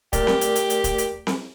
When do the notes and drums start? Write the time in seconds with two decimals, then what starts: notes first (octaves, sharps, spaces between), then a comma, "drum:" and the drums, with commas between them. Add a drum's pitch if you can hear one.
0.13 A3 G4 A#4 D5, drum: kick, hi-hat
0.27 drum: snare C4
0.41 drum: hi-hat
0.55 drum: hi-hat
0.70 drum: hi-hat
0.84 drum: kick, hi-hat
0.98 drum: hi-hat
1.27 drum: snare C4